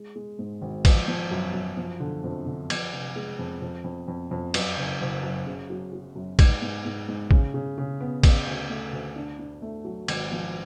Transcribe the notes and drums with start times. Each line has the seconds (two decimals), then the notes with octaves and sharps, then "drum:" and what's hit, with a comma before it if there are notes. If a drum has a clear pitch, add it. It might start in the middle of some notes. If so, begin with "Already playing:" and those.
Already playing: G#3
0.16 G#3
0.39 G#2
0.62 G#1
0.85 F3, drum: kick, cymbal
1.08 F3
1.31 F#2
1.54 F#2
1.77 F3
2.00 D3
2.24 F2
2.46 D3
2.70 F3, drum: cymbal
2.93 F1
3.16 G#3
3.39 F2
3.62 F2
3.84 F2
4.08 F2
4.31 F2
4.54 F#2, drum: cymbal
4.77 F#1
5.01 F#1
5.23 F#2
5.47 C#3
5.70 F#3
5.93 F#3
6.16 F#2
6.39 G#2, drum: kick, cymbal
6.62 G#2
6.85 G#2
7.08 G#2
7.31 C#3, drum: kick
7.54 C#3
7.78 C#3
8.01 B3
8.23 C#3, drum: kick, cymbal
8.47 D2
8.69 A3
8.93 D2
9.16 D4
9.39 D4
9.62 A3
9.85 F#3
10.08 G#1, drum: cymbal
10.32 F3